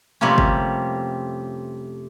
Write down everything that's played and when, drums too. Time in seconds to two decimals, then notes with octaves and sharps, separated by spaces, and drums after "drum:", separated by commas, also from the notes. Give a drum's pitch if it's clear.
0.21 F2 C3 G3 A3 A#3 C#4
0.38 drum: kick G1